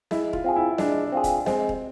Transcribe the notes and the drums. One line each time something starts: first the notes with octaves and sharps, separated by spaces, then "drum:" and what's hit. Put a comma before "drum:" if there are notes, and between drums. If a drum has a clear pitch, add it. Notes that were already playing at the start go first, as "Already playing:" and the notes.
G#3 E4, drum: snare
F4, drum: kick
C4 F4 G#4
E4
G#3 D4, drum: snare
C4 F4 G#4
drum: kick, hi-hat
G#3 C4, drum: snare
drum: kick